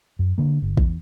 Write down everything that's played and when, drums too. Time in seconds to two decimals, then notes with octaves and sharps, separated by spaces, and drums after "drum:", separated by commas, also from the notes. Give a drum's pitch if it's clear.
0.19 F#2
0.38 D3 A#3
0.62 G1
0.77 E2, drum: kick